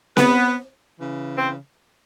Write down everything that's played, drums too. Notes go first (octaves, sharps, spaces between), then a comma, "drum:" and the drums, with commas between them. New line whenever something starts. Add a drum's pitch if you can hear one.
B3 B4, drum: snare C4
C#3 E3
C4 C5